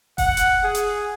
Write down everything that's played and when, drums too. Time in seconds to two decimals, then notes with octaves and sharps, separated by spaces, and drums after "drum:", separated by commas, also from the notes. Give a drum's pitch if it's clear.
0.18 F#5, drum: kick F1, open hi-hat
0.37 drum: hi-hat
0.64 G#4
0.75 drum: hi-hat